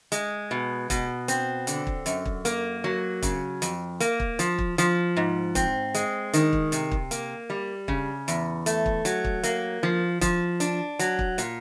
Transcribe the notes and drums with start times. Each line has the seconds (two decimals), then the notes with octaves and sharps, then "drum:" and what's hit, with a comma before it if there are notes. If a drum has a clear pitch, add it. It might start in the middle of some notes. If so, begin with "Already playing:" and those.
0.12 G#3, drum: hi-hat
0.51 B2
0.90 B2, drum: kick, hi-hat
1.28 C4, drum: hi-hat
1.67 D3, drum: hi-hat
1.87 drum: kick
2.06 F#2, drum: hi-hat
2.26 drum: kick
2.45 A#3, drum: hi-hat
2.84 F#3
3.23 C#3, drum: kick, hi-hat
3.62 F2, drum: hi-hat
4.00 A#3, drum: hi-hat
4.20 drum: kick
4.39 F3, drum: hi-hat
4.59 drum: kick
4.78 F3, drum: hi-hat
5.17 G#2
5.55 C4, drum: kick, hi-hat
5.94 G#3, drum: hi-hat
6.33 D#3, drum: hi-hat
6.53 drum: kick
6.72 C3, drum: hi-hat
6.92 drum: kick
7.11 A#3, drum: hi-hat
7.50 G3
7.88 C#3, drum: kick
8.28 E2, drum: hi-hat
8.66 A3, drum: hi-hat
8.86 drum: kick
9.05 F#3, drum: hi-hat
9.25 drum: kick
9.43 A#3, drum: hi-hat
9.83 F3
10.21 F3, drum: kick, hi-hat
10.60 D4, drum: hi-hat
10.99 F#3, drum: hi-hat
11.19 drum: kick
11.38 A#2, drum: hi-hat